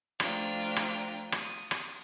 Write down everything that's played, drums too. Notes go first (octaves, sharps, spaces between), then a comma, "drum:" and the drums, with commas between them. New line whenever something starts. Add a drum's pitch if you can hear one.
F3 A3 D4 F4 G5 A#5, drum: rim click
drum: rim click
D#6, drum: rim click
drum: rim click